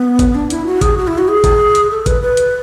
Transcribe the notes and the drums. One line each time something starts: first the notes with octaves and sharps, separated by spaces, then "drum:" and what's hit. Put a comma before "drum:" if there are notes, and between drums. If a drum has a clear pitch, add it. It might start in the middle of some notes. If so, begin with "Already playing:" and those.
Already playing: B3
drum: kick G#1, hi-hat
D4
E4, drum: hi-hat
F#4
G#4, drum: kick G#1, hi-hat
F#4
E4
F#4
G#4
drum: kick G#1, hi-hat
drum: hi-hat
A4
B4, drum: kick G#1, hi-hat
B4
drum: hi-hat